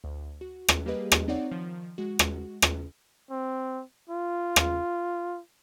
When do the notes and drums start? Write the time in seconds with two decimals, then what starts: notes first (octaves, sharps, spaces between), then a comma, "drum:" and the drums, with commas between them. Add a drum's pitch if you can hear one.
0.04 D2
0.41 F#4
0.68 drum: rim click
0.86 G3 A#3 G4 G#4 B4 D#5
1.12 drum: rim click
1.28 C4 D#4 C#5 D5 F#5
1.51 D#3 F3
1.98 G#3 F#4
2.19 drum: rim click
2.62 drum: rim click
3.30 C4
4.09 F4
4.56 drum: rim click